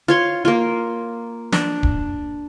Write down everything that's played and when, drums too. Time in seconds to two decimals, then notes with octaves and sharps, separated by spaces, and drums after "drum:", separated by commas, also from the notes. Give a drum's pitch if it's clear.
0.08 F4 C#5 C6
0.45 A#3 F4
1.52 D4, drum: snare
1.83 drum: kick